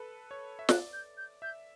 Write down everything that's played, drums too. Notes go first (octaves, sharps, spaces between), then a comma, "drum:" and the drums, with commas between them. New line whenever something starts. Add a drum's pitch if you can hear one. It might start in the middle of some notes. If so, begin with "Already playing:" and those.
Already playing: A4 B4
C#5
E5
D5 F#6, drum: snare
G6
G6
E5 G6